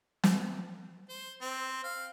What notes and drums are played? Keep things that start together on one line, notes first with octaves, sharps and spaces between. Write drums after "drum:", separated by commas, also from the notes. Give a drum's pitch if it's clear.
drum: snare
C5
C4
F5